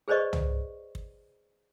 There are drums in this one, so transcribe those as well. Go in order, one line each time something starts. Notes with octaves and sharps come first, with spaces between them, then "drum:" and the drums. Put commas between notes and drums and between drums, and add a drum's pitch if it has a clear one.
G#4 B4 C5 D5 D#5 C#6
drum: tom
drum: kick